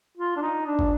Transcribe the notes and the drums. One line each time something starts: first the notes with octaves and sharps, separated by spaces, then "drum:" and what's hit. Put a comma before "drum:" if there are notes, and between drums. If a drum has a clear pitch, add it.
F4
D4
D#4
D4
drum: kick